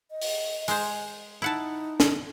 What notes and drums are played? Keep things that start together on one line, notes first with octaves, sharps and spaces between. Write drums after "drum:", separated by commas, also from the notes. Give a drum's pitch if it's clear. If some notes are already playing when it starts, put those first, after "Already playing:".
D#5
drum: open hi-hat
G#3 C5, drum: open hi-hat
D#4 E4 F#5 A5
drum: snare